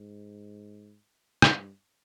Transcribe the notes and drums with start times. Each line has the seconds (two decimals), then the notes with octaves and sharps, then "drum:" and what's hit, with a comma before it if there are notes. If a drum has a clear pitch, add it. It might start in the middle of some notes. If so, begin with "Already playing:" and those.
Already playing: G#2
1.42 G2, drum: rim click